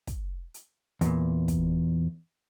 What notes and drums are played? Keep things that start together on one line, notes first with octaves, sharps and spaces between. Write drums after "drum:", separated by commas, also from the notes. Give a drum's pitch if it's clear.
drum: kick, hi-hat
drum: hi-hat
E2 A#2, drum: hi-hat
drum: kick, hi-hat